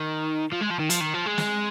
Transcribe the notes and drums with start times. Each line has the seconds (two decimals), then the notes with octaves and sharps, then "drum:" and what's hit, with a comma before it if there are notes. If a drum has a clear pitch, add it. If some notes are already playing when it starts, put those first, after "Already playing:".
Already playing: D#3
0.53 F3
0.62 G#3
0.71 F3
0.80 D#3
0.90 F3, drum: hi-hat
1.01 D#3
1.14 F3
1.26 G#3
1.38 drum: snare